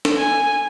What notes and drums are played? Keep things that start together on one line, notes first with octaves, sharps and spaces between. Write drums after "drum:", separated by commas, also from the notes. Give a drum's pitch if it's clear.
drum: snare
G#5